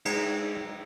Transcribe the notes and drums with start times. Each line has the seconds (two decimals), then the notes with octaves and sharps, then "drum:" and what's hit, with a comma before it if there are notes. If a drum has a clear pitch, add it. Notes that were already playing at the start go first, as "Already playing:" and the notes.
0.05 G#3 D#4, drum: cymbal